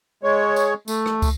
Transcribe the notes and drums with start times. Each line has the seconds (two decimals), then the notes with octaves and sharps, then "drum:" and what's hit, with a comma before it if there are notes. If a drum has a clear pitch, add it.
0.23 G#3 C#5
0.56 drum: tambourine
0.88 A3, drum: tambourine
1.06 drum: rim click
1.22 drum: kick, tambourine